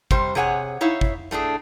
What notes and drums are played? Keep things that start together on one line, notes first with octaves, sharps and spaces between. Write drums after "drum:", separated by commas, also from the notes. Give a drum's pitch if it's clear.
C3 G3 C5, drum: kick G#1
C3 G#4 C#5 F#5 G#5
D#4 E4 C#5 E5 F5
drum: kick G#1
A2 A3 D4 G#4